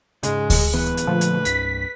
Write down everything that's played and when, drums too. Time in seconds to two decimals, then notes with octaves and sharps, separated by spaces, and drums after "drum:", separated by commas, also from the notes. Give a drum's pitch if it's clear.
0.23 G#2 C#3 G#3, drum: hi-hat
0.50 drum: kick D2, open hi-hat
0.74 D1 E3 B3 B4
0.97 drum: hi-hat
1.07 A#2 D3 F3 A3
1.21 drum: hi-hat
1.45 C2 G2 B6, drum: hi-hat